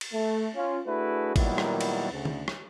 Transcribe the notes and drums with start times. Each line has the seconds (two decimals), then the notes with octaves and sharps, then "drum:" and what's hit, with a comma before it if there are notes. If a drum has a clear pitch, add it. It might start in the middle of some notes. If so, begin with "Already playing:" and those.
0.01 drum: cymbal
0.13 A3
0.55 C#4 F4
0.86 A3 D4 E4 F#4 G#4 B4
1.36 A#2 D#3 F#3 G3 B3 E4, drum: kick G#1, cymbal
1.58 drum: rim click
1.81 drum: cymbal
2.12 D2 C#3
2.25 drum: tom D3
2.48 drum: rim click